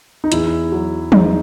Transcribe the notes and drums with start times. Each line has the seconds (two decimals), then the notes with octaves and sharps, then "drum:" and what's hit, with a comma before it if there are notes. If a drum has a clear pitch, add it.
0.24 D#4
0.32 E2 E4, drum: hi-hat
0.72 F#3
1.12 E2 D#4, drum: tom